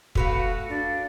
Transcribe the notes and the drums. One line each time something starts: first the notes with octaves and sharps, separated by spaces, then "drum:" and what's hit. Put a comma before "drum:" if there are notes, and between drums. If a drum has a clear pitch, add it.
A3 F#4 B4 F5, drum: kick
D4